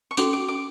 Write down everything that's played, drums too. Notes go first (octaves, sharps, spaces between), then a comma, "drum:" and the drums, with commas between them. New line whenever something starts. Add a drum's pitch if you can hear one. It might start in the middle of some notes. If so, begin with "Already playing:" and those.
C#6
C#4 F#4 A4 D6, drum: tambourine
D6
D6